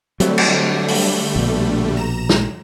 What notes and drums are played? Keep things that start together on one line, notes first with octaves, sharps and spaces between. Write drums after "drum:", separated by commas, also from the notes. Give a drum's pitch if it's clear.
D3 F#3 G3 A3 C4, drum: hi-hat
drum: cymbal
drum: open hi-hat
A#1 B2
A#5 E7
drum: snare